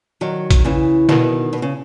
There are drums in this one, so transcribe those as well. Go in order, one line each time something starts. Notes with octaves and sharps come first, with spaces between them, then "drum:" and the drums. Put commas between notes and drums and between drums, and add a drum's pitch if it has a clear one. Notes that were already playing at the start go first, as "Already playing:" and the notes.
D#3 F#3
drum: kick A#1, hi-hat
C#3 E3
B2 D#3, drum: snare
B2
C#3